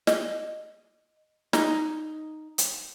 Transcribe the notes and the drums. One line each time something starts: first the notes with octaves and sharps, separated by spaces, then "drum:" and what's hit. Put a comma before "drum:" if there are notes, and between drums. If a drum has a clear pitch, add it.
D#5, drum: snare
D#4, drum: snare
drum: hi-hat